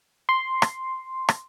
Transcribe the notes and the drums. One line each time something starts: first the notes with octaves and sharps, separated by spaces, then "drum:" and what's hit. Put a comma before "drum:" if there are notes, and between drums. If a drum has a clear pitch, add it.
C6
drum: rim click
drum: rim click